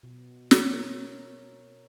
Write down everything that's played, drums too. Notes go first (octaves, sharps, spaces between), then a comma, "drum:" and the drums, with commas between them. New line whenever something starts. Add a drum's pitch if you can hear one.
B2
C#5, drum: snare
A#4